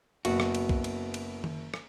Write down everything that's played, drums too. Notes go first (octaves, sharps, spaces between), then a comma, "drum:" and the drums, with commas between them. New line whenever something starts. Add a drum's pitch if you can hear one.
F#1 B3 F#4, drum: cymbal
drum: rim click
drum: cymbal
drum: kick B1
drum: cymbal
drum: cymbal
drum: tom D#3
drum: rim click